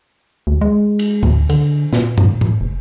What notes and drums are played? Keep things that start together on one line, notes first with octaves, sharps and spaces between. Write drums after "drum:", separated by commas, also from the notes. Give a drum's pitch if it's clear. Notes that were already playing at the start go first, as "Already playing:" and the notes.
D2
G#3
drum: cymbal
D2, drum: tom G#2
D3, drum: cymbal
A#2, drum: snare
drum: tom G2
drum: tom G#2
F1